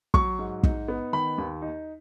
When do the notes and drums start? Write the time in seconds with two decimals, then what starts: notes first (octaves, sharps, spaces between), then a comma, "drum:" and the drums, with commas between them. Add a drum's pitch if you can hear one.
0.14 F#3 C#6, drum: kick
0.39 G#2
0.63 D#4, drum: kick
0.88 B3
1.13 D#3 B5
1.38 D#2
1.62 D#4